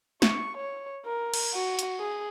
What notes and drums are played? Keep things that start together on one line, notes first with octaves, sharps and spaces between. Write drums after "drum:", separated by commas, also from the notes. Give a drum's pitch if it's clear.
C#6, drum: snare
C#5
A#4
drum: cymbal
F#4
drum: hi-hat
G#4